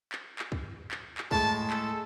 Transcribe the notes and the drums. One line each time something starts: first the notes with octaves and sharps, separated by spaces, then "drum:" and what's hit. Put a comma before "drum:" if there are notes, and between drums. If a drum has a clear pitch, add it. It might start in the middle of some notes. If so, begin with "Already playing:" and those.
drum: clap
drum: clap
drum: kick
drum: clap
drum: clap
A2 G#3 A5, drum: kick
A4, drum: clap